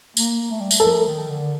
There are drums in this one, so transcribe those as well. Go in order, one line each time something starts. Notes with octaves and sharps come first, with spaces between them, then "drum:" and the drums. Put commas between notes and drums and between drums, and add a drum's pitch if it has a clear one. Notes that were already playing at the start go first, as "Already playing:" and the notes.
A#3, drum: tambourine
A3
G3
A3, drum: tambourine
A4
F3 A#4
D#3
D3